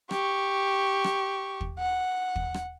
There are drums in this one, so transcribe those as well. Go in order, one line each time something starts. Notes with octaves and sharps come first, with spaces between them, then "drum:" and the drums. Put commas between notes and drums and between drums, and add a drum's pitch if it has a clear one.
G4 C#6, drum: rim click
drum: rim click
drum: kick
F#5
drum: kick
drum: rim click